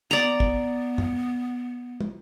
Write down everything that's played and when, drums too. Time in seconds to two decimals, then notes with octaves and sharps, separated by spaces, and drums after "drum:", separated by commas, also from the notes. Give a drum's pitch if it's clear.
0.11 B3 D5 A#5
0.40 drum: kick
0.98 drum: tom
2.01 drum: tom